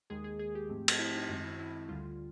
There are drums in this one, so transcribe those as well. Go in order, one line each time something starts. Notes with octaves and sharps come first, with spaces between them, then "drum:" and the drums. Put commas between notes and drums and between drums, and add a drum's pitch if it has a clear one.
D#2 D#3 G#3 G#4
G#4
G#4
G4
G#2 F3 A3 C4
drum: cymbal
E4
D#4
F#2 D#3 G#3 C4 F#4
E4
E4
D2 D3 G3 F4